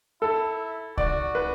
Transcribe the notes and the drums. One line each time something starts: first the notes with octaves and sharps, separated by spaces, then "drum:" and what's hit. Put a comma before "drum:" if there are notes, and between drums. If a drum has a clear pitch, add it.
E4 A4
F#4 D5, drum: kick C2
B4